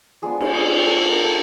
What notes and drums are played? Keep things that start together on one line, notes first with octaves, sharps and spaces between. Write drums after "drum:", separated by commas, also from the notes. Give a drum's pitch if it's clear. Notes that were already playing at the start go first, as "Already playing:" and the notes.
F3 G#3 B3 D4 G#4
drum: cymbal
G#4
A4
A#4
A4